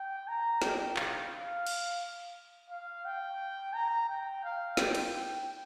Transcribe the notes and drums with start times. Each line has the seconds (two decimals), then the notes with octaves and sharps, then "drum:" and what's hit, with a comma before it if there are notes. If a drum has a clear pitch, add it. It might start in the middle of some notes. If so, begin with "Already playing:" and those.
Already playing: G5
0.28 A#5
0.62 G5, drum: snare
0.97 F5, drum: clap
1.67 drum: cymbal
2.70 F5
3.05 G5
3.74 A#5
4.09 G5
4.44 F5
4.77 G5, drum: snare
4.95 drum: cymbal
5.13 G5